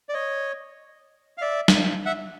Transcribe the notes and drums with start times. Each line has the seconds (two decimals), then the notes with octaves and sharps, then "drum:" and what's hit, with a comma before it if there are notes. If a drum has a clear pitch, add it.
0.09 D5
0.13 C#5 D#5
1.38 F5
1.41 D5 E5
1.68 drum: snare
2.05 E5 F#5